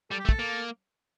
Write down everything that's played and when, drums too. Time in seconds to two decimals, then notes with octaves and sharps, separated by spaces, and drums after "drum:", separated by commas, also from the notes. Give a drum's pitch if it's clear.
0.11 G3 A4
0.20 G4
0.25 A3
0.29 A4, drum: kick
0.39 A#3